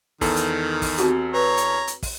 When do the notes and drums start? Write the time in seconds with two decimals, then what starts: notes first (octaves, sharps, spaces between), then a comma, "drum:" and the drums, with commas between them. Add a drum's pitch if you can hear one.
0.21 E2 D#3 A4, drum: kick, open hi-hat
0.36 drum: hi-hat
0.82 drum: kick, open hi-hat
0.98 C4 F#4 G4, drum: hi-hat
1.34 B4 C#5 A#5
1.57 drum: hi-hat
1.87 drum: hi-hat
2.03 drum: kick, open hi-hat